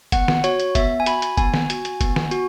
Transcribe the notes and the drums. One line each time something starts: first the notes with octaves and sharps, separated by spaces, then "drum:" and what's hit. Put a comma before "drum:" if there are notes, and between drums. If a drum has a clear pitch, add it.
B3 F#5, drum: kick F1, hi-hat
drum: snare
F#4 C#5, drum: hi-hat
drum: hi-hat
B3 E5, drum: kick F1, hi-hat
G#5
F#4 B5, drum: hi-hat
drum: hi-hat
B3 G#5, drum: kick F1, hi-hat
drum: snare
F#4, drum: hi-hat
drum: hi-hat
B3, drum: kick F1, hi-hat
drum: snare
F#4, drum: hi-hat